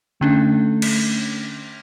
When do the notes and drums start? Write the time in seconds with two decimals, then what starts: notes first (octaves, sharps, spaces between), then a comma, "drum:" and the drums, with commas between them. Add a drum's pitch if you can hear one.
0.21 D3 A3 C#4 D4
0.82 drum: cymbal